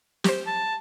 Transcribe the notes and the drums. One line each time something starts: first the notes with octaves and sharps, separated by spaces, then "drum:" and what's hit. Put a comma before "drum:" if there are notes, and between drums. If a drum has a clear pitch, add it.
G4 C5, drum: snare
A5